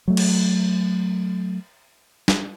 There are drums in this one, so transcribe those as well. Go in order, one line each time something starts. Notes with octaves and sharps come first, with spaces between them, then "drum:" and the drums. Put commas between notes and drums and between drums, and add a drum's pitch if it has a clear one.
F#3 A3
drum: cymbal
drum: snare